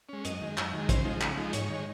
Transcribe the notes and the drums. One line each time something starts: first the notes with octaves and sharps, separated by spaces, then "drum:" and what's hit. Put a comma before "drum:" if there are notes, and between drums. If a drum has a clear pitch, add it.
G#3 C#4
F#2 D#5, drum: hi-hat
D#3 G#3
F#2, drum: clap
D#3 G#3
C#3 C5, drum: kick, hi-hat
F3 G#3 D#4
C#3, drum: clap
F3 G#3 D#4
G#2 C#5, drum: hi-hat
D#3 G#3